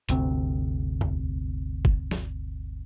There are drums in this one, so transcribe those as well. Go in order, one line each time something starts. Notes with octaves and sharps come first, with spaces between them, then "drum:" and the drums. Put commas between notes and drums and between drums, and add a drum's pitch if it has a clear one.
G1 D2 C3 C4, drum: hi-hat
drum: tom E2
drum: kick F#1
drum: snare